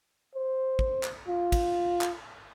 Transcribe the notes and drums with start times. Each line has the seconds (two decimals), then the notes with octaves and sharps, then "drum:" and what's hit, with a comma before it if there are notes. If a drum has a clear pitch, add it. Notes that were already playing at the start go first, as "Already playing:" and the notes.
0.35 C5
0.79 drum: kick
1.03 drum: clap
1.28 F4
1.52 drum: kick, cymbal
2.01 drum: clap